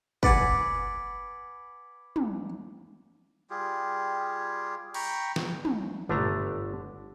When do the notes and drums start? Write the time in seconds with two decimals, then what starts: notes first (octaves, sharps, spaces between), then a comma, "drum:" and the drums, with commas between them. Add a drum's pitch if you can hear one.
0.23 B4 D5 F#5 G#5, drum: kick
2.16 drum: tom
3.50 G3 F4 G4 G#4
4.94 G5 A#5 B5 C#6, drum: cymbal
5.36 drum: snare
5.65 drum: tom
6.09 G1 D3 A3 D4 E5 A#5, drum: tom